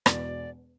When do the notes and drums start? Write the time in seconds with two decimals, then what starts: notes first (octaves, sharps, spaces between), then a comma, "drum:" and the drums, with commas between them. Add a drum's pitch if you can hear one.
0.06 E1 E2 B2 D5, drum: rim click